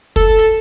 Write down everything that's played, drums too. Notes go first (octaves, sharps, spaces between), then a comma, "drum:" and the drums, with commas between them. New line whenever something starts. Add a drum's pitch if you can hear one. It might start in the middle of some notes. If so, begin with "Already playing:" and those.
A4, drum: kick
drum: hi-hat